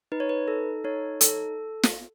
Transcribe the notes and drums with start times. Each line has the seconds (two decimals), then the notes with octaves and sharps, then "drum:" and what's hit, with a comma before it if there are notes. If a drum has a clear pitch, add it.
0.12 D#4 B4
0.20 C#5
0.29 B4
0.48 A4
0.84 D#4 C#5
1.21 A4, drum: hi-hat
1.83 drum: snare